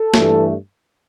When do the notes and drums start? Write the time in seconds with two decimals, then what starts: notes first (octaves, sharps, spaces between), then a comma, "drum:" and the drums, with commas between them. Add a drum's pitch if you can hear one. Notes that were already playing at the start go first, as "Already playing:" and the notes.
Already playing: A4
0.14 G2 E3 A3, drum: snare